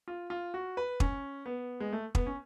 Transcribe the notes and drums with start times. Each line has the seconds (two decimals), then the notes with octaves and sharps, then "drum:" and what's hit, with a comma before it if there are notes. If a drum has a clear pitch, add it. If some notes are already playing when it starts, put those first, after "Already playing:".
0.08 F4
0.30 F4
0.54 F#4
0.77 B4
1.00 C#4, drum: kick
1.46 B3
1.80 G#3
1.93 A3
2.15 B3, drum: kick
2.26 C#4